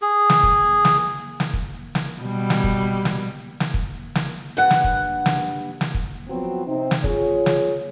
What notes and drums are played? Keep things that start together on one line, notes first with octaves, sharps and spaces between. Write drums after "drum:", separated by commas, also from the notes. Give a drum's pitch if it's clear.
G#4
drum: snare
drum: kick
drum: snare
drum: snare
drum: kick
drum: snare
B2 G3
drum: snare
drum: kick
drum: snare
drum: snare
drum: kick
drum: snare
G2 F#5
drum: snare
drum: kick
drum: snare
drum: snare
drum: kick
F3 F#3 B3 C4 F4 F#4
C3 C4 D#4
drum: snare
F4 G#4 C#5, drum: kick
drum: snare